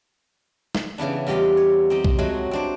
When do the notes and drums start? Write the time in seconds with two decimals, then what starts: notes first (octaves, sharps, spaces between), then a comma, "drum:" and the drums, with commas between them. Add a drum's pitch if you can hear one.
0.75 drum: snare
0.98 C#3 E3 B3 D4
1.27 E2 G3 F4 G4 D#5 F5
1.57 C#5
1.90 C4 D#4 G4 D#5
2.05 drum: kick B1
2.19 F#3 G#3 A3 C4 D#4 F#4
2.51 C4 D4 C5